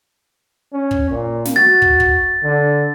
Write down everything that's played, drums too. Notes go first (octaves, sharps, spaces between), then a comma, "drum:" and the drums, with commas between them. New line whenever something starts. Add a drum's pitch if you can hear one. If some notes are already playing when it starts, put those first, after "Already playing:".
C#4
drum: kick
A#2
drum: snare
F#4 A6
drum: kick
drum: kick
D3